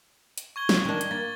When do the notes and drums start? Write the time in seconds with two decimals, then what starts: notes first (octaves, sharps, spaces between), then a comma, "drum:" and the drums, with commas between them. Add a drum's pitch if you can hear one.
0.38 drum: hi-hat
0.56 C#6 G#6 G7
0.69 drum: snare
0.85 D#3 D4
1.01 drum: hi-hat
1.11 A#3 A6